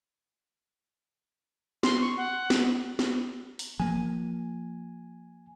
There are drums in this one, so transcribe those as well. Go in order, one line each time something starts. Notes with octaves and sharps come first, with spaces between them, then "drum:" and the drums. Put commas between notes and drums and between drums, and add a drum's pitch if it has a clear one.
C6, drum: snare
C#6
F#5
drum: snare
drum: snare
drum: open hi-hat
F3 A#3 G#5